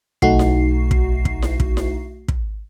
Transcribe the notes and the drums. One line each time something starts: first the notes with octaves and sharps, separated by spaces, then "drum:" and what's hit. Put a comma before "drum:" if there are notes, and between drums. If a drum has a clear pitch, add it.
B1 A3 D#4 F#4 C7, drum: kick
drum: snare E4
drum: kick
drum: kick
drum: snare E4
drum: kick
drum: snare E4
drum: kick